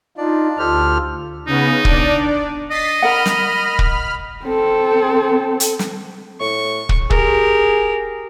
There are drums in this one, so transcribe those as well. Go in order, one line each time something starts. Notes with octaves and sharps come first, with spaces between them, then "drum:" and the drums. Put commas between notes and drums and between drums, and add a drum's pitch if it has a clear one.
D4 D#4 F4 D5
D2 F4 G4 A4 C5 F6
C#3 B3 D#4
D4 D5, drum: kick
D#5 A6 B6 C7
A#4 F#5 B5 F6
drum: snare
drum: kick
C4 A4
drum: hi-hat
drum: snare
A2 C#6
drum: kick
G4 G#4 A#4, drum: kick